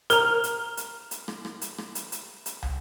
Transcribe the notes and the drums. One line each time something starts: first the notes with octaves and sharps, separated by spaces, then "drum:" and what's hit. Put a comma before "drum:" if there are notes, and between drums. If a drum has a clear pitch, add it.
A#4 A#5 F6, drum: hi-hat
drum: hi-hat
drum: hi-hat
drum: hi-hat
drum: rim click
drum: rim click
drum: hi-hat
drum: rim click
drum: hi-hat
drum: hi-hat
drum: hi-hat
drum: tom